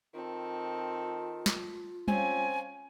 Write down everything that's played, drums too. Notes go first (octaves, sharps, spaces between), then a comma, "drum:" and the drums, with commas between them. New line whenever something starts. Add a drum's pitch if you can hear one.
D#3 C4 F4 A4
drum: snare
C4 C#4 F5 G#5, drum: tom G3